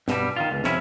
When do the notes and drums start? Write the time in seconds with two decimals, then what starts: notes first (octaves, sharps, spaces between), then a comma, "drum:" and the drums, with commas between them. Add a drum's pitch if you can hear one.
0.08 G2 B2 G3, drum: snare
0.36 D#3 F4
0.51 C#2
0.64 F2 C3 C#4 E4, drum: snare